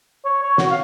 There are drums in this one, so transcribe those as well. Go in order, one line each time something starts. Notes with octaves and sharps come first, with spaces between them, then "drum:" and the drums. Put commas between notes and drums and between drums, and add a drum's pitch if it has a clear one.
C#5
C#5
F#4, drum: snare
F5